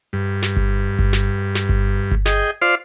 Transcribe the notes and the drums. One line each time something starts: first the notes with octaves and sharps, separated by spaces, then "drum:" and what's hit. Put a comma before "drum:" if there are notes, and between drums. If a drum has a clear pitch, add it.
G2
drum: snare
drum: kick G1
drum: kick G1
drum: snare
drum: snare
drum: kick G1
drum: kick G1
G#4 D#5 G5, drum: snare
F4 C5 D5 F5 C6